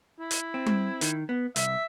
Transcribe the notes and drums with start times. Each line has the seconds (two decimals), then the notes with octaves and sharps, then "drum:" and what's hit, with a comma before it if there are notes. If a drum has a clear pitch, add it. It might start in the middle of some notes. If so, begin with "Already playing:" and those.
0.19 E4
0.31 drum: hi-hat
0.54 C4
0.66 drum: tom G3
1.01 D#3, drum: hi-hat
1.29 B3
1.56 C2 E5, drum: hi-hat